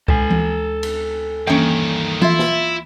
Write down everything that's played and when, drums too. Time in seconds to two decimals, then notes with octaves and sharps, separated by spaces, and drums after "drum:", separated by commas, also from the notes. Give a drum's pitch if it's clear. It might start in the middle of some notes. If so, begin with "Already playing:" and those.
0.08 D2 G#3 A4 G#5, drum: kick C2
0.31 drum: tom E3
0.83 drum: cymbal
1.47 G2 D#3 E3 A#3 C#4 G5
2.22 E4 F4 E5, drum: tom E3
2.39 drum: snare